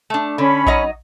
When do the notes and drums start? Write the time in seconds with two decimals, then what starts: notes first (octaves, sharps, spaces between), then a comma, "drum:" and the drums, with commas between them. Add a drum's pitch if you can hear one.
0.10 A3 D4
0.38 D3 C#4 B5
0.67 F#3 D#4 D#5, drum: kick A#1